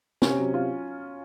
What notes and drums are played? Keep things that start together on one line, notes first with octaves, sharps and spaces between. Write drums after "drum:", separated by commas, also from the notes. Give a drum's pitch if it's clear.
C3 C#4, drum: snare
F#3
F4